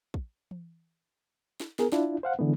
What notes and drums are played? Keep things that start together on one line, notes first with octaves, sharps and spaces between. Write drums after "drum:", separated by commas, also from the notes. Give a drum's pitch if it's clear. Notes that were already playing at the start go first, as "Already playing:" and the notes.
drum: kick
drum: tom E3
drum: snare
B3 G#4 A#4, drum: snare
D4 E4 F4, drum: snare
C5 F5 F#5
D3 E3 G#3 B3